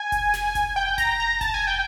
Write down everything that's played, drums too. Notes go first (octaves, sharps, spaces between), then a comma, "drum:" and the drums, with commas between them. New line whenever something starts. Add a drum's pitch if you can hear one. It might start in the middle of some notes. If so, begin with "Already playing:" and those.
Already playing: G#5
drum: kick F1, hi-hat
drum: snare
drum: kick F1, hi-hat
G5
A#5, drum: kick F1, hi-hat
A#5
A5, drum: kick F1, hi-hat
G#5
G5